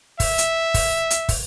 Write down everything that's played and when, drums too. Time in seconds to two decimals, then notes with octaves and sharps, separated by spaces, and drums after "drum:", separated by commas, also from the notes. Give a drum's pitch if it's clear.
0.20 E5, drum: kick, open hi-hat
0.38 drum: hi-hat
0.74 drum: kick, open hi-hat
1.10 drum: hi-hat
1.29 drum: kick, open hi-hat